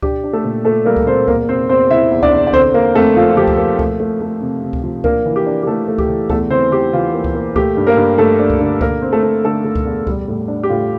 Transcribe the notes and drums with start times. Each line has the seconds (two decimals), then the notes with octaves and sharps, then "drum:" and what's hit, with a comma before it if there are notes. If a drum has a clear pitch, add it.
0.02 D4 G4, drum: kick C#2
0.24 D4
0.33 A3 A4
0.44 A#2
0.65 A#2 A3 A4
0.85 G3 A#3 A#4
0.96 drum: kick C#2
1.07 A#2 C4 C5
1.28 E2 A#3 A#4, drum: kick C#2
1.49 C3 C4 C5
1.69 E2 C4 C5
1.90 C3 E4 E5
2.12 E2
2.23 D4 D5, drum: kick C#2
2.32 E2
2.47 D5
2.53 D3 C4 C5, drum: kick C#2
2.74 A#3 A#4
2.95 F2 A3 A4
3.16 F3 F4
3.29 F4
3.37 F3 G4
3.48 drum: kick C#2
3.58 A#3
3.79 A3, drum: kick C#2
4.00 A3
4.21 A3
4.41 C3
4.62 C3
4.73 drum: kick C#2
4.83 F3
5.04 A#3 D4 A#4, drum: kick C#2
5.26 E3
5.36 G4
5.46 D4
5.63 G4
5.67 E3 A3 A4
5.88 A3
5.98 G4, drum: kick C#2
6.09 E3
6.30 E2 A3 A4, drum: kick C#2
6.50 E3 C4 C5
6.71 E3 G4
6.93 E3 F4
7.14 A#3
7.24 drum: kick C#2
7.35 A#3
7.56 A3 G4, drum: kick C#2
7.77 G2
7.87 A#3 A#4
7.97 G2
8.18 G2 A3 A4
8.39 D4
8.50 drum: kick C#2
8.60 D3
8.81 D3 A#3 A#4, drum: kick C#2
9.02 C4
9.13 A3 A4
9.23 A3
9.44 D3 A3 A4
9.65 A3
9.76 drum: kick C#2
9.85 E2
10.07 G3, drum: kick C#2
10.28 A2
10.48 D4
10.63 G4
10.69 A2 F4